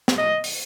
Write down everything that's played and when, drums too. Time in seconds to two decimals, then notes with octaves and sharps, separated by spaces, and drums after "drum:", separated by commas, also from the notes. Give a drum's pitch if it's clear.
0.08 drum: snare
0.18 D#5
0.44 drum: open hi-hat